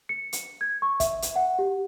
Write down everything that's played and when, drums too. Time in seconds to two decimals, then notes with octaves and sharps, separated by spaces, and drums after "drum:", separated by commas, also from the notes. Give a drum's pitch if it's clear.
0.09 C#7
0.33 drum: hi-hat
0.61 G#6
0.82 C#6
1.00 E5, drum: kick, hi-hat
1.22 drum: hi-hat
1.36 F#5
1.59 G4